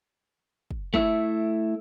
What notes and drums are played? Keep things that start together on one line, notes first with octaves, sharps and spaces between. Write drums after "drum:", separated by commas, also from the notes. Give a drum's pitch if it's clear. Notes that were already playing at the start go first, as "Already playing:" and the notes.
drum: kick
A3 E4 E5, drum: kick